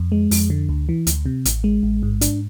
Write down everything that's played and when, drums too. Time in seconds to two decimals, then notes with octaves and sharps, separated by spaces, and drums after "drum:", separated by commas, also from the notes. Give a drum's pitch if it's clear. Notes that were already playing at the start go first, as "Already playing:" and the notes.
Already playing: F2
0.12 G#3
0.31 F2, drum: open hi-hat
0.50 D3
0.69 D2
0.89 E3
1.07 D2, drum: hi-hat
1.26 C3
1.45 A1, drum: hi-hat
1.64 G#3
1.83 A1
2.03 G#2
2.21 D4, drum: hi-hat